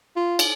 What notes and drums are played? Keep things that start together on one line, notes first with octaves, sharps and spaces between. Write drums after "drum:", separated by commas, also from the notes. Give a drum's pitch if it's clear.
F4
drum: cymbal